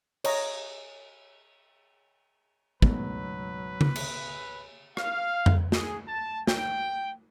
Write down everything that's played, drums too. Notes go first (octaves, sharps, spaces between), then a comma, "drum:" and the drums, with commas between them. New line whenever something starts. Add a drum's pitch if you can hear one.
C#5 D#5 A#5, drum: cymbal
C#2 G#2 B2 F#3 G#3 A3 B3 B4, drum: kick
drum: tom C#3
drum: cymbal
F5, drum: rim click
drum: tom F2
G#4, drum: snare
A5
G5, drum: snare